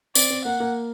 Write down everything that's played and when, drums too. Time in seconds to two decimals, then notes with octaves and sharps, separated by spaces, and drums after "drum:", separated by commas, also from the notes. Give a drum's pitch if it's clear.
0.15 C4 D5, drum: tambourine
0.30 C4
0.45 A#3 F#5
0.60 A#3